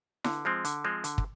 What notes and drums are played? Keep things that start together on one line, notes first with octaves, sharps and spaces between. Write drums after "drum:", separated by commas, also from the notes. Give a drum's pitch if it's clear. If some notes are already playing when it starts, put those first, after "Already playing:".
D3, drum: snare E4
F3 G#3 C4
D3, drum: hi-hat
F3 G#3 C4
D3, drum: hi-hat
drum: kick